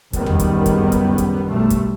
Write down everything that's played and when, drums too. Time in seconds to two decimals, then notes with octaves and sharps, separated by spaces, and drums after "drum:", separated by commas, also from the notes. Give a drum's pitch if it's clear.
0.13 F#1 C#2 F#2 D#3 G3 B3, drum: kick, hi-hat
0.26 drum: tom D#2
0.39 drum: kick, hi-hat
0.66 drum: kick, hi-hat
0.92 drum: kick, hi-hat
1.18 drum: kick, hi-hat
1.49 B1 G3 A3
1.70 drum: kick, hi-hat